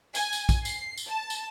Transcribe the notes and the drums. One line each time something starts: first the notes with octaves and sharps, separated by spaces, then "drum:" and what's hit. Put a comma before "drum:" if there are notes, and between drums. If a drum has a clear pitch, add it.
G#5, drum: tambourine
drum: tambourine
drum: kick, tambourine
C7, drum: tambourine
drum: tambourine
A5
drum: tambourine